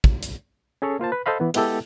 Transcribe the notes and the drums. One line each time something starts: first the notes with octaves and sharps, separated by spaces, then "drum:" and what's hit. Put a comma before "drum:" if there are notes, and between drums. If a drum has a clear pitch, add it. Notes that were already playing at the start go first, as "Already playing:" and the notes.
drum: kick
drum: hi-hat
C#4 G#4 A4 C#5
A#3 F4 C5 A5
B4
A4 C5 D#5 F5 B5
E3 B3
G#3 B3 E4 G4 A4, drum: cymbal